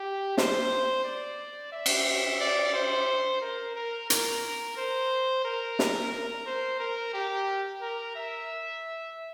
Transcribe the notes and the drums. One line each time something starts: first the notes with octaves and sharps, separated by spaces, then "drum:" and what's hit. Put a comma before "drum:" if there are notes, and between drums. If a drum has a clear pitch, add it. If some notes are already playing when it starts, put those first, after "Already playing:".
Already playing: G4
C5, drum: snare
D5
E5
drum: cymbal
D5
C5
A#4
A#4
A#4, drum: hi-hat
C5
A#4
drum: snare
A#4
C5
A#4
G4
A#4
E5